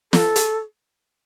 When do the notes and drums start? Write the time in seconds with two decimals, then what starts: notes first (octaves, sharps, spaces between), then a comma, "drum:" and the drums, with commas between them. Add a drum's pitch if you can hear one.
0.13 A4, drum: snare
0.36 drum: hi-hat